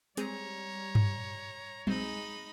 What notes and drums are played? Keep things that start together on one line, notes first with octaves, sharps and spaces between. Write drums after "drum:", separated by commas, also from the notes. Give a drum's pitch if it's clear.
G3 G#3 C4 G#4 C#5 A#5, drum: hi-hat
drum: tom G2
B1 G#3 C4 D#4 B5, drum: tom